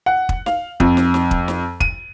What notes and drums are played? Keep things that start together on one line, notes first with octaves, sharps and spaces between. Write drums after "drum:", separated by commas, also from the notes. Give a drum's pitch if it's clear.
F#5
drum: kick
F5, drum: snare
F2, drum: kick
drum: snare
drum: snare
drum: kick
drum: snare
D#7, drum: kick